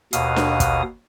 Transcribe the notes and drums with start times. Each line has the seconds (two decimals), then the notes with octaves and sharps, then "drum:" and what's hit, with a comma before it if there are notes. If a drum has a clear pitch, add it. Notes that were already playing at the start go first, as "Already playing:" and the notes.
0.13 D#2 B2 F5 D#6, drum: hi-hat
0.36 drum: snare D4
0.60 drum: kick, hi-hat